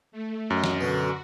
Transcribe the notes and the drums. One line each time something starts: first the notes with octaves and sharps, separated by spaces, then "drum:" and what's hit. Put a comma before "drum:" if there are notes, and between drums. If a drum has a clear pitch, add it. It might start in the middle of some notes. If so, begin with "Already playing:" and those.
A3
F#2 D#5
drum: snare
B2 D3 F#4